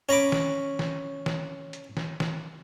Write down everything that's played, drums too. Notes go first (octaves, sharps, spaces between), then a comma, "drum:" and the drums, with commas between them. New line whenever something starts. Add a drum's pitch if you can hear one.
C#4 A#5 B5 D6
drum: snare D#3
drum: snare D#3
drum: snare D#3
drum: hi-hat
drum: snare D#3
drum: snare D#3